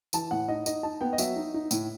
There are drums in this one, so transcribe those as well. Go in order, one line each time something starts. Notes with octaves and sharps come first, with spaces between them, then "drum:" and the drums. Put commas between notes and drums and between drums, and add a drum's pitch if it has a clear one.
E3 A5, drum: tambourine
A2 F#5
D#4 D#5
D#4 D#5, drum: tambourine
D#4 A5
B3 G5
D#5
F#3 E5, drum: tambourine
D#4
D#4
A2, drum: tambourine